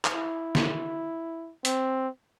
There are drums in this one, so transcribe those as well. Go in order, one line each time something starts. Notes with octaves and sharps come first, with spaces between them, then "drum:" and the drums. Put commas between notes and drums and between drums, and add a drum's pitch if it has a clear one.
drum: clap
E4
drum: snare
C4, drum: hi-hat